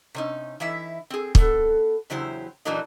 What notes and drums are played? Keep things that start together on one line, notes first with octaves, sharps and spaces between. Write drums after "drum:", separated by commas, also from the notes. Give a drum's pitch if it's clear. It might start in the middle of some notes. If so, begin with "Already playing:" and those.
C3 C#4 D#4
E3 D#4 E4 E5
C4 G#4
B3 A4, drum: kick
E2 C#3 F#3 E4 G4 C5
A#2 E3 F#3 A#3 D4 D#4